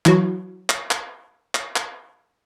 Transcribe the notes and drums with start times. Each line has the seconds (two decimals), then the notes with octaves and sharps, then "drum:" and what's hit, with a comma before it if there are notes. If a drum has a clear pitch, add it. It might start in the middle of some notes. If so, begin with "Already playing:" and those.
0.06 E3 F#3, drum: clap
0.70 drum: clap
0.91 drum: clap
1.55 drum: clap
1.76 drum: clap